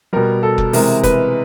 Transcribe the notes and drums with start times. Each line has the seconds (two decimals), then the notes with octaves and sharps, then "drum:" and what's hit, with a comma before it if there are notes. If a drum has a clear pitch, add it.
0.13 B2 G3 A#4
0.43 A4
0.58 drum: kick F1
0.73 C3 E3 G#3 A#4, drum: open hi-hat
1.03 B4, drum: kick F1, hi-hat